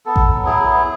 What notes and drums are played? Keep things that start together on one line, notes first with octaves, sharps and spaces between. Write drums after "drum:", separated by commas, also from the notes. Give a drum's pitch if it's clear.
B3 A4
drum: kick A1
F#3
E4 G#4
B3 G#4